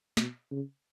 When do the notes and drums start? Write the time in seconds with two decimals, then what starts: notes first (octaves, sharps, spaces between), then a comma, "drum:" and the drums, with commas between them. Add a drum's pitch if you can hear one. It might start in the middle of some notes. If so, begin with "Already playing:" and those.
0.17 B2, drum: snare
0.51 C#3